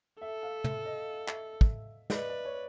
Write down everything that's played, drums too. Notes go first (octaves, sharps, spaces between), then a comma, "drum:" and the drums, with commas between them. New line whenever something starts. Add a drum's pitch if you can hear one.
A4 E5
F5
E5, drum: tom
D#5
E5, drum: clap
drum: kick
D5, drum: snare
B4 D#5
D5
C#5